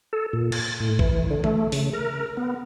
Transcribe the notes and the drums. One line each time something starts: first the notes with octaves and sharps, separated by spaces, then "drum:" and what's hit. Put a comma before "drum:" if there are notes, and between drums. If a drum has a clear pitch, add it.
A4
A#2
A6, drum: cymbal
A2
E3, drum: kick
D3
A3, drum: tom
C#3, drum: open hi-hat
A#4
B3